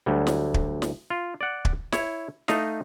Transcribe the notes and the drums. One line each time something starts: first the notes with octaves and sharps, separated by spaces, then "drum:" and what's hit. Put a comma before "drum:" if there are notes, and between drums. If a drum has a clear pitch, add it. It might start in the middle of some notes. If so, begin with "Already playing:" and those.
D2 F#3 G3
drum: snare
drum: kick
drum: snare
F4
D5 F#5
drum: kick
E4 C#5, drum: snare
A3 D#4 D#5 F5, drum: snare